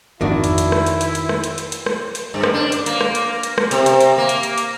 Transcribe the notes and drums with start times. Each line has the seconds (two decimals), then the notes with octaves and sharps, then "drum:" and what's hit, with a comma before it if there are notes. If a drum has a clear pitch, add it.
0.21 G#1 F2 D#3 D4 E4 F#4 D5
0.44 drum: hi-hat
0.58 drum: hi-hat
0.72 drum: rim click
0.86 drum: hi-hat
1.01 drum: hi-hat
1.15 drum: hi-hat
1.29 drum: rim click
1.44 drum: hi-hat
1.58 drum: hi-hat
1.72 drum: hi-hat
1.86 drum: rim click
2.15 drum: hi-hat
2.34 G2
2.43 drum: rim click
2.54 D4
2.72 drum: hi-hat
2.86 A#3, drum: hi-hat
3.01 drum: rim click
3.15 drum: hi-hat
3.43 drum: hi-hat
3.58 drum: rim click
3.71 C3, drum: hi-hat
3.86 drum: hi-hat
4.01 drum: hi-hat
4.18 A#3
4.29 drum: hi-hat
4.43 drum: hi-hat
4.58 drum: hi-hat